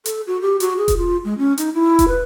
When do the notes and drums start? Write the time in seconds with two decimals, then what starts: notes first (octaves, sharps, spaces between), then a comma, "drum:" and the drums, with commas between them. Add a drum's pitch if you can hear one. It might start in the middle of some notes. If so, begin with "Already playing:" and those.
0.06 A4, drum: hi-hat
0.27 F#4
0.42 G4
0.60 F#4, drum: hi-hat
0.78 G#4
0.88 drum: kick E1, hi-hat
0.97 F4
1.25 G#3
1.38 C#4
1.58 D#4, drum: hi-hat
1.74 E4
1.99 drum: kick E1, hi-hat
2.08 B4